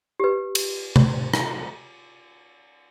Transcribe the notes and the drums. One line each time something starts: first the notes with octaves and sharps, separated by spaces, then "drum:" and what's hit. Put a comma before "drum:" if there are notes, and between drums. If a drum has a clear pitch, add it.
G4 B4
drum: cymbal
drum: tom C3
drum: rim click